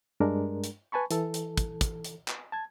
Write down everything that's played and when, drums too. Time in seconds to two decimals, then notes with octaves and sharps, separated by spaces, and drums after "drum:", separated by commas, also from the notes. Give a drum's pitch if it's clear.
0.20 G2 G#3 D4 A#4
0.64 drum: hi-hat
0.92 B4 G#5 A5 B5 C#6
1.11 E3 A4, drum: hi-hat
1.34 drum: hi-hat
1.58 drum: kick, hi-hat
1.81 drum: kick, hi-hat
2.04 drum: hi-hat
2.28 drum: clap
2.52 A5 G#6